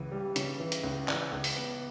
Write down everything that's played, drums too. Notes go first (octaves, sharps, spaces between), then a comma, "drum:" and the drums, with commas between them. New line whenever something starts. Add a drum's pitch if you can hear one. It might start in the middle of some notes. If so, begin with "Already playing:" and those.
Already playing: C#2 E3
G3
C#3, drum: hi-hat
E3
drum: hi-hat
C#2
E3 D5, drum: clap
C#2
drum: open hi-hat
B3